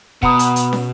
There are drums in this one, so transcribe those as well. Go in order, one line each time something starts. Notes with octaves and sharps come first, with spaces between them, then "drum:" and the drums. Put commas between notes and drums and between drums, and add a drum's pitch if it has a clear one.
B2 B3 F#5 A#5 D#6, drum: kick
drum: hi-hat
drum: hi-hat
drum: snare